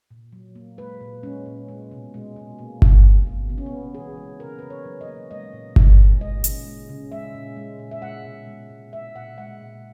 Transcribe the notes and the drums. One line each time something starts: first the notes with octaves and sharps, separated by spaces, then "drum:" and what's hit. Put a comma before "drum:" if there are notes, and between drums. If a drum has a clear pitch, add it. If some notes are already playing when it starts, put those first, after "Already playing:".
A#2
F#3
A#3
G#3 B4
A#2
G#3 C#4
A#2
G#3
B2
G#3
B2
A#3
B2, drum: kick G1
A#3
B2
C#3 B3
C#4
B3
C#3
E3 G#4
G#3
C#3 A#4
C#3 B4
C#5
F#3
D#5
A#3
G#3 D#5
A#2
G#3, drum: kick G1
A#2
G#3 D#5
C#3, drum: hi-hat
G#3
C#3
G#3 E5
A#2
G#3
A#2
E5
G#3 F#5
B2
G#3
B2
G#3 E5
A#2 F#5
G#3 F#5
A#2